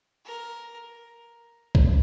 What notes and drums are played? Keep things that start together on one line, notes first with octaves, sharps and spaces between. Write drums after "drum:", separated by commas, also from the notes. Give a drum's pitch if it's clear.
A#4
drum: kick